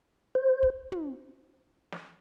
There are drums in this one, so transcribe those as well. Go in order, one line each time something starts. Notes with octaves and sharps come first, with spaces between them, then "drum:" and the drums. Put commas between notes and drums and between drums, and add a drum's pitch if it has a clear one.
C5
drum: kick
drum: tom
drum: snare